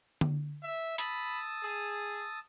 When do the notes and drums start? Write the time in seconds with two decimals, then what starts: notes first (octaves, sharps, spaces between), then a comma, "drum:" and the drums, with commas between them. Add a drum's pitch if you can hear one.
0.21 drum: tom D3
0.63 E5
0.98 A5 B5 D#6 E6, drum: hi-hat
1.63 G#4